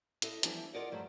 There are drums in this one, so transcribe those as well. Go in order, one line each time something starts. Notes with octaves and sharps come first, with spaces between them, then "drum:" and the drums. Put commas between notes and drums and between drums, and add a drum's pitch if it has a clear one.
E4 A4 D#5, drum: hi-hat
E3 F3 G3 B3 D4 E4, drum: hi-hat
F4 G#4 A#4 D5 D#5 F#5
G2 F3 F#3 A3